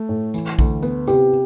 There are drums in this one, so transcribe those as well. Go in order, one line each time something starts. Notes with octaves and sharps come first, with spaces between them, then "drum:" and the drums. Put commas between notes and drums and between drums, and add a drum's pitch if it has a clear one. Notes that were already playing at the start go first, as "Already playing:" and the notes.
Already playing: A3
A2
E3, drum: tambourine
D2, drum: kick A#1, tambourine
B3, drum: tambourine
C3 G4, drum: tambourine